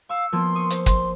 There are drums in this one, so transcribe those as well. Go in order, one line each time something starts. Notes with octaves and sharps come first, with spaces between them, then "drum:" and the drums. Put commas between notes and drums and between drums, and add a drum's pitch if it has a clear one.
F5 C#6 E6
F3 A#3 B3 C6
C#6 D#6
C5, drum: hi-hat
C6, drum: kick, hi-hat